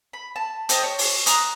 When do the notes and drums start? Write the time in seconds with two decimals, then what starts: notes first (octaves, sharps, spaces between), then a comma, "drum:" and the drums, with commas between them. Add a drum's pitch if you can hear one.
0.13 B5
0.36 A5
0.69 G4 A4 C5 D#5, drum: hi-hat
0.84 C#5
0.99 drum: open hi-hat
1.26 A#5 D#6 F#6, drum: hi-hat